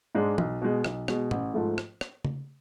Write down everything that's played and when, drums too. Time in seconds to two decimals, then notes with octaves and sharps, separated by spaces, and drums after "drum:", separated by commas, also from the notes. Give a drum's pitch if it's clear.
0.15 G#2 G#3 D4
0.38 B1, drum: tom
0.61 B2 G#3
0.84 B1, drum: rim click
1.08 B2 G#3, drum: rim click
1.31 A1, drum: tom
1.54 G#2 F3 A3
1.78 drum: rim click
2.01 drum: rim click
2.25 drum: tom C#3